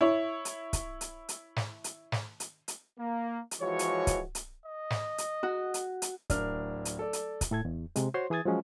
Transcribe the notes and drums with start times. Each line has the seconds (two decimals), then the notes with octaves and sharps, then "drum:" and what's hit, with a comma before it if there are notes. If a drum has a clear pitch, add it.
0.01 E4 C#5
0.45 drum: hi-hat
0.73 drum: kick C#1, hi-hat
1.01 drum: hi-hat
1.29 drum: hi-hat
1.56 drum: snare
1.84 drum: hi-hat
2.12 drum: snare
2.40 drum: hi-hat
2.68 drum: hi-hat
2.99 A#3
3.51 drum: hi-hat
3.62 E3 F3 G#3 F#4 C#5
3.79 drum: hi-hat
4.07 drum: kick C#1, hi-hat
4.35 drum: hi-hat
4.66 D#5
4.90 drum: snare
5.18 drum: hi-hat
5.43 F#4
5.74 drum: hi-hat
6.02 drum: hi-hat
6.30 D1 D4 A#4 F6, drum: kick C#1, hi-hat
6.85 drum: hi-hat
6.99 A4 D5
7.13 drum: hi-hat
7.41 drum: kick C#1, hi-hat
7.51 A2 A4 G#6
7.65 E2
7.96 C3 G#3, drum: hi-hat
8.14 F#4 C5 C#5 C6
8.30 E3 G#4 G#5 D#6 G#6 A6
8.45 F3 F#3 G#3 C#4